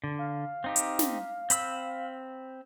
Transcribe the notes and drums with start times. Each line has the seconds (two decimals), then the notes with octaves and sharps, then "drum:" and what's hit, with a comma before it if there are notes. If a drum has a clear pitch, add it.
0.04 D3
0.19 F5
0.64 C4 D#4 G4
0.76 drum: hi-hat
0.99 drum: snare
1.50 C4 B5 E6, drum: hi-hat